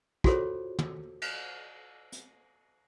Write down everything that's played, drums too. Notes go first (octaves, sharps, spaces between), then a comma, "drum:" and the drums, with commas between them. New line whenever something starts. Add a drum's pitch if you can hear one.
F4 F#4 G#4 A4 C5 C#5, drum: kick
drum: tom
drum: cymbal
drum: hi-hat